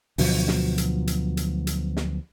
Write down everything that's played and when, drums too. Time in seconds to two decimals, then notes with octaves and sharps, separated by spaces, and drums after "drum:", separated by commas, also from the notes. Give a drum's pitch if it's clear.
0.18 D2 B2 F3 F#3, drum: open hi-hat
0.48 drum: snare
0.78 drum: hi-hat
1.07 drum: hi-hat
1.37 drum: hi-hat
1.67 drum: hi-hat
1.97 drum: snare